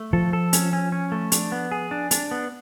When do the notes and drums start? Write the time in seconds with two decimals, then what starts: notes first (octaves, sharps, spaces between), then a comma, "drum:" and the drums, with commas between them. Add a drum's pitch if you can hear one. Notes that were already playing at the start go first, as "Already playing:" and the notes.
Already playing: A3
0.13 F3 A4
0.33 A4
0.53 C#4, drum: hi-hat
0.73 C#4
0.92 C#4
1.12 A3
1.32 D4, drum: hi-hat
1.52 B3
1.72 G#4
1.91 D4
2.11 D4, drum: hi-hat
2.31 B3